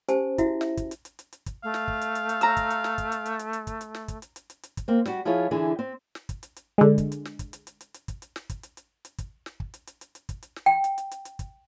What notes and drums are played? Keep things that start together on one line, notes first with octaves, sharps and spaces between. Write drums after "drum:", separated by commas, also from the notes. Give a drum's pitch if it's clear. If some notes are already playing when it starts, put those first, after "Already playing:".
C#4 G4 C5 G#5 A5, drum: hi-hat
E4 F#4 E5, drum: kick, hi-hat
E5, drum: snare
drum: kick, hi-hat
drum: hi-hat
drum: hi-hat
drum: hi-hat
drum: hi-hat
drum: kick, hi-hat
A3 F5
drum: snare
drum: kick
drum: hi-hat
drum: hi-hat
drum: hi-hat
A#5 E6, drum: hi-hat
drum: kick, hi-hat
drum: hi-hat
drum: snare
drum: kick, hi-hat
drum: hi-hat
drum: hi-hat
drum: hi-hat
drum: hi-hat
drum: kick, hi-hat
drum: hi-hat
drum: snare
drum: kick, hi-hat
drum: hi-hat
drum: hi-hat
drum: hi-hat
drum: hi-hat
drum: kick, hi-hat
A#3 C4
G3 F#4, drum: snare
F3 E4 F4 G#4 C#5
D3 E3 E4 G#4
C4
drum: snare
drum: kick, hi-hat
drum: hi-hat
drum: hi-hat
D3 G#3
drum: kick, hi-hat
drum: hi-hat
drum: snare
drum: kick, hi-hat
drum: hi-hat
drum: hi-hat
drum: hi-hat
drum: hi-hat
drum: kick, hi-hat
drum: hi-hat
drum: snare
drum: kick, hi-hat
drum: hi-hat
drum: hi-hat
drum: hi-hat
drum: kick, hi-hat
drum: snare
drum: kick
drum: hi-hat
drum: hi-hat
drum: hi-hat
drum: hi-hat
drum: kick, hi-hat
drum: hi-hat
drum: snare
G5
drum: hi-hat
drum: hi-hat
drum: hi-hat
drum: hi-hat
drum: kick, hi-hat